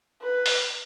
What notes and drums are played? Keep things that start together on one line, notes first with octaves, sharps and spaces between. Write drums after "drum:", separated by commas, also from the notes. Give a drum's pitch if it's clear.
B4
drum: open hi-hat